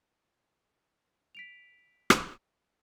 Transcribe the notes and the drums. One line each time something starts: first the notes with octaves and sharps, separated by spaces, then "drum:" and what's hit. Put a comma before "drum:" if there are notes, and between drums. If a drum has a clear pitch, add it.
B6 D7 F7
drum: rim click